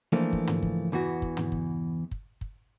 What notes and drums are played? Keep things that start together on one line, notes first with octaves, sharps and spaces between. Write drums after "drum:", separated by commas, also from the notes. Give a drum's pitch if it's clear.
E3 F3 A3 A#3 D4
drum: kick
drum: tom
drum: kick
E2 E3 B3 F#4
drum: kick
drum: tom
drum: kick
drum: kick
drum: kick